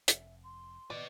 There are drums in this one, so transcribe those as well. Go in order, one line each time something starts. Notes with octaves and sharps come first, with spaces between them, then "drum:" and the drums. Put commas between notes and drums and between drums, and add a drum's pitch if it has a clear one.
F1 F2 E5, drum: hi-hat
C6
A2 D#3 B3 B4 D5 D#5